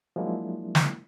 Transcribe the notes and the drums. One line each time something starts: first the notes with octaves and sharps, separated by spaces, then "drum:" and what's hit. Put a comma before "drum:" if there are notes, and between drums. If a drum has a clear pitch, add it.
F3 F#3 G#3 A#3 D4 E4
drum: snare